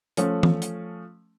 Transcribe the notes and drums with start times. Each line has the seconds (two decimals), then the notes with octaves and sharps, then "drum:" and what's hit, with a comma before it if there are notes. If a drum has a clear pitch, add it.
0.17 F3 A3 C#4, drum: hi-hat
0.43 drum: tom
0.62 drum: hi-hat